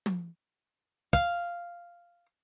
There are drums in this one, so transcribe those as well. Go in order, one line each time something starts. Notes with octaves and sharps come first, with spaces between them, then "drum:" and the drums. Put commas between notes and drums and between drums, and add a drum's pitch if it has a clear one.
drum: tom
F5, drum: kick